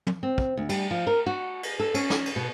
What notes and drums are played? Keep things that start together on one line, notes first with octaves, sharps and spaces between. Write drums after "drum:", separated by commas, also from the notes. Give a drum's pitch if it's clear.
drum: tom
C4
drum: kick
D2
G3, drum: cymbal
F3
A#4
F#4
drum: cymbal
A4
C#4, drum: cymbal
drum: snare
drum: cymbal
B2